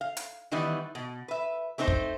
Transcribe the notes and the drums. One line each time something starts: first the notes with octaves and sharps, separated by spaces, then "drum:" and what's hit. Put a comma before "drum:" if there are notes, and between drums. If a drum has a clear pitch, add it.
F5
drum: hi-hat
D#3 E3 G3 B3 D#4
B2
B4 E5
A3 C4 D#4 A#4 C5
drum: kick